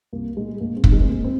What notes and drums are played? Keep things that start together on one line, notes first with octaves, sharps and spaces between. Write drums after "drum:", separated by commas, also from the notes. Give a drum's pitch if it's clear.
C2 A#3
A#2 G#3
A#1 A#3
G#3 C4
G#2 D#3, drum: kick
G#3
C4
A#1 A#3
C4